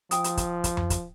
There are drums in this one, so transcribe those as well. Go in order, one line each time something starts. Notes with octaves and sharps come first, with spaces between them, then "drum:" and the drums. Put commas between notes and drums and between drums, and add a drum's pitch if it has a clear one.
F3 G5 D#6, drum: hi-hat
drum: hi-hat
drum: kick, hi-hat
drum: kick, hi-hat
drum: tom F2
drum: kick, hi-hat